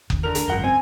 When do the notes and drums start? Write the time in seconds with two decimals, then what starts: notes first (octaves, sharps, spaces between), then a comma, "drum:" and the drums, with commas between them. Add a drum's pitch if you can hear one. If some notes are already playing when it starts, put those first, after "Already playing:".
0.10 E2 D#3 C#4, drum: kick F#1
0.23 D3 A#4 F7
0.35 D2 D4, drum: hi-hat
0.48 G#1 C#2 F#2 F#5 G7
0.63 C4 G#5